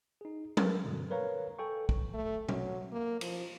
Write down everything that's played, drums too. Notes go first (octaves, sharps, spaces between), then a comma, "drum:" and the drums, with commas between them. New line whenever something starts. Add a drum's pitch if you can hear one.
D#4 G#4
G#4 A#4 B4, drum: tom F#3
G2 B2 D3
A#4 B4 C#5 F5 A#5
A4 G5 G#5 C#6
drum: kick
A3
F#3, drum: tom B2
A#3
F3, drum: cymbal